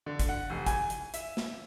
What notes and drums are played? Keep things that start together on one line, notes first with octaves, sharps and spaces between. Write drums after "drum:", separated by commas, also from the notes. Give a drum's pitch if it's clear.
D3
drum: kick, hi-hat
F#5
F1
G#5, drum: kick, hi-hat
drum: hi-hat
E5, drum: hi-hat
drum: snare